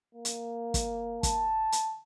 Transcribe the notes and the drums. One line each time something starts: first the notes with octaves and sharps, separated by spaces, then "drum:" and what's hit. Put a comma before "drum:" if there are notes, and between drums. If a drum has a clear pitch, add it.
A#3
drum: hi-hat
drum: kick, hi-hat
A5, drum: kick, hi-hat
drum: hi-hat